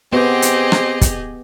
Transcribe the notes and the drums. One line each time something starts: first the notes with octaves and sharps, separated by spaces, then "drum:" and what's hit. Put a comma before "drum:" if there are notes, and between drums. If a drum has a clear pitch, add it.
B3 C4 G4 G#4 D#5
drum: hi-hat
drum: rim click
drum: kick, hi-hat